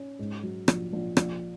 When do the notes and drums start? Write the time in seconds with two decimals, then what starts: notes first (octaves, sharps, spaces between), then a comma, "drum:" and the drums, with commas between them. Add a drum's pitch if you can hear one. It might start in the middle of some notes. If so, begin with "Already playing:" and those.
Already playing: C#4
0.19 G#2
0.43 F#3
0.68 A#1, drum: rim click
0.93 A#1
1.17 A#1, drum: rim click